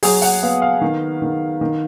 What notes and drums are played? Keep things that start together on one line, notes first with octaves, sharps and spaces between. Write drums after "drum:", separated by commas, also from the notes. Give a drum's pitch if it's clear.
F#3 G#4, drum: open hi-hat
F#5, drum: open hi-hat
B3 F5
F5
D#3
D#3
D#3